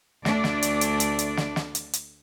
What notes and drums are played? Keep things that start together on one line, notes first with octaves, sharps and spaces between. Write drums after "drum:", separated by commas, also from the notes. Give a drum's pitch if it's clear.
D2 A3 D4 D5, drum: snare
drum: snare
drum: hi-hat
drum: hi-hat
drum: hi-hat
drum: hi-hat
drum: snare
drum: snare
drum: hi-hat
drum: hi-hat